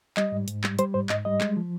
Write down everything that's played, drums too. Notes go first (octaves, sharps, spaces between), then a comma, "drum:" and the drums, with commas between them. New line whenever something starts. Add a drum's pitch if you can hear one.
G3 D#5, drum: clap
G#2
G#2, drum: hi-hat
G3, drum: clap
G3 C5, drum: hi-hat
G#2 C5
G#2 D#5, drum: clap
G3 D#5
G#3, drum: clap
F3